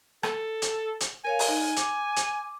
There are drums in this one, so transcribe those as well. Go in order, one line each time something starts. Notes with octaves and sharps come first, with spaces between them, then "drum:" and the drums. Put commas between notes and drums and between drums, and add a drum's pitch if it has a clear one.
A4, drum: rim click
drum: hi-hat
drum: hi-hat
A#4 C#5 F5 G#5
drum: open hi-hat
D#4
D6, drum: hi-hat
drum: hi-hat